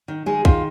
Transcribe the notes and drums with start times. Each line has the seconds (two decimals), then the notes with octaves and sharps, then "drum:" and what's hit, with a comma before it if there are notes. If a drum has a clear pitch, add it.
0.08 D#3
0.26 D#3 G#3 G#4
0.45 D#3 F4, drum: kick